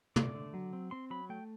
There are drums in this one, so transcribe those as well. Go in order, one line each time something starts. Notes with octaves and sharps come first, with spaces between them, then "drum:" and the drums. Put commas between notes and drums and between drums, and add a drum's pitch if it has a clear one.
A3 D5, drum: tom
D3
F#3
C4
C4 C6
F#3 B5
A3 G5